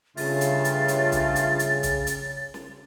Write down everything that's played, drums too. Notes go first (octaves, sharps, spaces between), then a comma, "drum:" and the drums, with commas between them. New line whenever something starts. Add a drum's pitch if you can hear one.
G2 C#3 A3 F4 A6, drum: open hi-hat
drum: hi-hat
drum: hi-hat
drum: hi-hat
drum: kick, hi-hat
drum: hi-hat
drum: hi-hat
drum: kick, hi-hat
drum: hi-hat
drum: snare